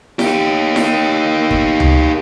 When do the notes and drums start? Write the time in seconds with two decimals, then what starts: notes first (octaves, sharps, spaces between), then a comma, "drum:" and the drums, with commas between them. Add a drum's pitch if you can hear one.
0.19 D#4 G4, drum: snare E4
0.76 drum: snare E4
1.51 drum: kick
1.80 drum: tom C#2